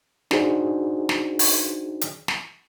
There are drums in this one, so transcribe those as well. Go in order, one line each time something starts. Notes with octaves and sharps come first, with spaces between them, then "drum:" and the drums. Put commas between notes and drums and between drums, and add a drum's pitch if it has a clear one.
D4 D#4 F#4 G#4 C5, drum: snare
drum: snare
drum: open hi-hat
drum: hi-hat
drum: snare